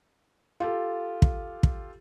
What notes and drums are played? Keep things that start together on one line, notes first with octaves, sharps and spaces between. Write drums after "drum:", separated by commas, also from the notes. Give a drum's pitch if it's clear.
F4 G4 A4
drum: kick
drum: kick